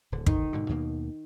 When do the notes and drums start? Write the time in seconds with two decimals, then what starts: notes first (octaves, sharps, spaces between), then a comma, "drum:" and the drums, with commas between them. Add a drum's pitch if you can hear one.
0.12 D1 D3
0.26 D#3, drum: kick
0.53 G#2 B2 D3
0.69 D#2 B2 A#3